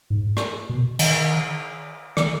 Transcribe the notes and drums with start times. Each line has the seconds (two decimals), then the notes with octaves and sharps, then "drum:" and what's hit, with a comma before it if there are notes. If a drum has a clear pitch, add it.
0.10 G#2
0.37 drum: rim click
0.69 B2
0.99 D#3, drum: cymbal
2.17 D#3, drum: rim click